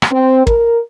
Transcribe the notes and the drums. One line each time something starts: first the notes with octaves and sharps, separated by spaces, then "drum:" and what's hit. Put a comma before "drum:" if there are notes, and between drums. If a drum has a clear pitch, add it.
drum: rim click
C4
A#4, drum: kick